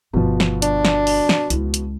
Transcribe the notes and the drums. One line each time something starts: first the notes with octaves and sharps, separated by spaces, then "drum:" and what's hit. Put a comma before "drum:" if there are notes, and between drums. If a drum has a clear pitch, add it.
G1 B2 F3
drum: snare
D4, drum: hi-hat
drum: snare
drum: open hi-hat
drum: snare
C#2 E4, drum: hi-hat
drum: hi-hat